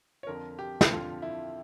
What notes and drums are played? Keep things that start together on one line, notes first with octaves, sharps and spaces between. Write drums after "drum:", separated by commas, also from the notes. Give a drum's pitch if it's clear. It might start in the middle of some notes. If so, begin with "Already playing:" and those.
C#5
F2 D3 F3 A#4
G4
drum: snare
F2 D3 F3 F4
E4